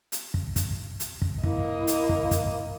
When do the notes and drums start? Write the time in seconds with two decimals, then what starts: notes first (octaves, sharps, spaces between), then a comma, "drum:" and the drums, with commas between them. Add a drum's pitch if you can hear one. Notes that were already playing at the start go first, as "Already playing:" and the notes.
0.12 drum: hi-hat
0.34 drum: kick
0.56 drum: kick, hi-hat
1.00 drum: hi-hat
1.22 drum: kick
1.43 A#3 E4 D#5, drum: kick
1.87 drum: hi-hat
2.09 drum: kick
2.31 drum: kick, hi-hat